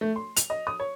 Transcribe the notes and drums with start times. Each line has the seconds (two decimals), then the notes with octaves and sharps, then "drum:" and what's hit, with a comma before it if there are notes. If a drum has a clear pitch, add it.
0.01 A3
0.16 C6
0.36 F7, drum: hi-hat
0.50 D#5
0.67 D#6
0.80 C#5